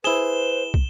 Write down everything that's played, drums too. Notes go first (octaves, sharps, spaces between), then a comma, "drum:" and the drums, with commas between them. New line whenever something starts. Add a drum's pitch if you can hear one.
E4 G#4 B4 C5 E7 G7
drum: kick